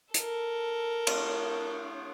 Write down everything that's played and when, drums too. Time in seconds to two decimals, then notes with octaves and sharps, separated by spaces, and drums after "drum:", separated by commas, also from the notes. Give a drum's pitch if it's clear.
0.14 A4 A#4, drum: hi-hat
1.07 drum: cymbal